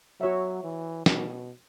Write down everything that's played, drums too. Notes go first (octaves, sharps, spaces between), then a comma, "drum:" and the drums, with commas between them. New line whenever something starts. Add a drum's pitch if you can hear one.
F#3 F#4 C#5 E5
E3
B2, drum: snare